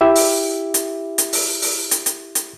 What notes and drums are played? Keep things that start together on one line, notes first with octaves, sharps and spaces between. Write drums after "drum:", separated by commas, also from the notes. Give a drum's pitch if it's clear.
E4 G4 E5
drum: open hi-hat
drum: hi-hat
drum: hi-hat
drum: open hi-hat
drum: open hi-hat
drum: hi-hat
drum: hi-hat
drum: hi-hat